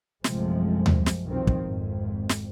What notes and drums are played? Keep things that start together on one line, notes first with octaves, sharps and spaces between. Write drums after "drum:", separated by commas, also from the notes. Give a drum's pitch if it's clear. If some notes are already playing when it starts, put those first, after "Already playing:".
A#1 F#2 C3 F3 G#3 A3, drum: snare
drum: tom D#2
drum: snare
C2 F2 B2 D#3 F3 C4
drum: kick
G#1 F2
drum: snare